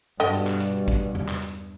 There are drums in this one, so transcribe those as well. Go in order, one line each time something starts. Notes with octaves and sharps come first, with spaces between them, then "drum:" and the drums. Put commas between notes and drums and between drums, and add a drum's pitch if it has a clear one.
G2 B2 D3 D#5 G5
drum: hi-hat
drum: clap
drum: hi-hat
drum: kick, hi-hat
drum: tom E2
drum: clap
drum: hi-hat